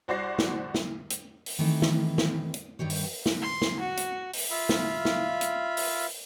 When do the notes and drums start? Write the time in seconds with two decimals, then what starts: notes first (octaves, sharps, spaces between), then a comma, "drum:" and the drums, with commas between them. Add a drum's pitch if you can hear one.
0.08 C2 F#4 C5 D5 A#6 C7
0.38 drum: snare
0.74 drum: snare
1.10 drum: hi-hat
1.46 drum: open hi-hat
1.59 D#3 E3 A3 C4
1.82 drum: snare
2.18 drum: snare
2.54 drum: hi-hat
2.79 G2 D#3 G4 C#5
2.90 drum: open hi-hat
3.26 drum: snare
3.42 C6
3.62 drum: snare
3.79 F#4
3.97 drum: hi-hat
4.33 drum: open hi-hat
4.51 F4 E5 F5 B5
4.69 drum: snare
5.05 drum: snare
5.41 drum: hi-hat
5.77 drum: open hi-hat